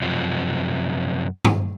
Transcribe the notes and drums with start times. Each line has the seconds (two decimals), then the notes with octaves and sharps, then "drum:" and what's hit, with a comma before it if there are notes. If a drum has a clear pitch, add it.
0.02 F#2 C3 F3
1.45 drum: tom G2